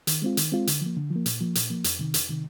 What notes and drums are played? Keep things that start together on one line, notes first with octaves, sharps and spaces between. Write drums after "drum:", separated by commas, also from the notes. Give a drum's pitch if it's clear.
D#3, drum: hi-hat
G#3 C4 F4
D#3, drum: hi-hat
G#3 C4 F4
D3, drum: hi-hat
F3 A#3
D3
F3
A#3
A#2, drum: hi-hat
F3 A#3
A#2, drum: hi-hat
F3 A#3
F2, drum: hi-hat
C3 D#3
F2, drum: hi-hat
C3 D#3